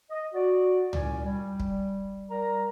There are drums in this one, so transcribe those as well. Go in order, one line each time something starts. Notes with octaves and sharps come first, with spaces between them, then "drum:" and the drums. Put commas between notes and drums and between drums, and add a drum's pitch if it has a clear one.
D#5
F#4 D5
C2 A#2 C#4 F#4 D5 G#5, drum: tom C#2
G3
drum: kick
G3 A#4 A#5